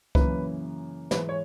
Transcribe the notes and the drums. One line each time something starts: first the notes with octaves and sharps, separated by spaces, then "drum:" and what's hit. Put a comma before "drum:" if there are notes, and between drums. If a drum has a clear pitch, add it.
F#2 C#3 E3 A#3 B4, drum: kick C2
G#2 E3 G#3 B4, drum: snare
C#5